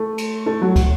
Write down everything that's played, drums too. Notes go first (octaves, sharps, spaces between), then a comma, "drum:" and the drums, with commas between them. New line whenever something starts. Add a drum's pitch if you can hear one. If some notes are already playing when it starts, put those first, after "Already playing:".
Already playing: A3
drum: cymbal
A3
F#3
drum: kick, cymbal